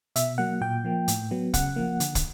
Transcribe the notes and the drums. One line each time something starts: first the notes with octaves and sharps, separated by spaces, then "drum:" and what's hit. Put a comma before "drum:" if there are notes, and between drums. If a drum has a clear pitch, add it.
B2 E5, drum: hi-hat
F#3 A#3 F#5
A#2 G5
F3 A#3
A2, drum: hi-hat
F#3 B3
C#3 F#5, drum: kick, hi-hat
F3 A#3
D3, drum: hi-hat
drum: kick, hi-hat